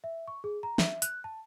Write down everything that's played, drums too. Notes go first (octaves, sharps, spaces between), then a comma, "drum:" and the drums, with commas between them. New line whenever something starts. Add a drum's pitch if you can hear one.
E5
C#6
G#4
A#5
E5, drum: snare
F#6, drum: hi-hat
A5